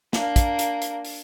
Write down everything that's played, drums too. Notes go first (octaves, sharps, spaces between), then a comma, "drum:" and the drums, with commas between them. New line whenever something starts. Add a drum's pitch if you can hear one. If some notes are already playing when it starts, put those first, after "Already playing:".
A#3 D4, drum: snare
drum: kick, hi-hat
drum: hi-hat
drum: hi-hat
drum: open hi-hat